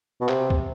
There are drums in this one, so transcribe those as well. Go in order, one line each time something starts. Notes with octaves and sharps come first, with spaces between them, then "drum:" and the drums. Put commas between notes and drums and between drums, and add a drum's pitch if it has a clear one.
B2
C3, drum: clap
drum: kick C#2